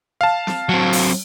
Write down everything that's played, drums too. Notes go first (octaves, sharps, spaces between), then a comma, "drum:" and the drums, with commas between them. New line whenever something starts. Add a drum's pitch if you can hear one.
F5 A5
drum: snare
F#3 C4
drum: open hi-hat